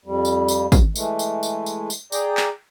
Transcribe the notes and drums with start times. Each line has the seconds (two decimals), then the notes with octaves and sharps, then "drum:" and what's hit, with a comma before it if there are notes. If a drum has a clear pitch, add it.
0.05 F2 G3
0.25 drum: tambourine
0.48 drum: tambourine
0.72 drum: kick, tambourine
0.96 E3 G#3 A3, drum: tambourine
1.19 drum: tambourine
1.43 drum: tambourine
1.66 drum: tambourine
1.90 drum: tambourine
2.12 G#4 D5 G5 A#5, drum: tambourine
2.37 drum: clap